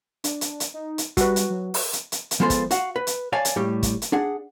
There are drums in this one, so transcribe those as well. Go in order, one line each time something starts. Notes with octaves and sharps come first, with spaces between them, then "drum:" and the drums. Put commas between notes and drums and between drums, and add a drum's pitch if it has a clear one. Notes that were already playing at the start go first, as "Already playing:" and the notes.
D4, drum: hi-hat
drum: hi-hat
drum: hi-hat
D#4
drum: hi-hat
G3 F#4 B4, drum: kick, hi-hat
drum: hi-hat
F#3
drum: open hi-hat
drum: hi-hat
drum: hi-hat
drum: hi-hat
F3 G#3 B3 F4 A4 C5
drum: kick, hi-hat
F#4 F5 F#5, drum: hi-hat
B4
drum: hi-hat
C#5 D5 F5 G#5 A5
drum: hi-hat
A2 G3 A3 G4
drum: kick, hi-hat
drum: hi-hat
D4 G#4 F#5